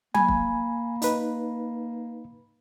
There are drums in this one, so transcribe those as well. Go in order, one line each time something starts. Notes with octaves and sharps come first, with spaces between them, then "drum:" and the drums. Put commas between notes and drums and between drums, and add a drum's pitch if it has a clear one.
A#3 G#5 B5, drum: tom F#3
drum: kick
D#4 B4, drum: hi-hat